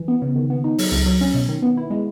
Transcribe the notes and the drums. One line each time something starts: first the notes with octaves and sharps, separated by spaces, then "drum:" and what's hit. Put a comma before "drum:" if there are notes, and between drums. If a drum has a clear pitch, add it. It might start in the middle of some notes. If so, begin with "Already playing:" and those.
Already playing: E3
B3
C#3
D#3
B3
D#4
F#3, drum: open hi-hat
C#2, drum: snare
F#3
C#4
B2
D#3
B3
E4
G#3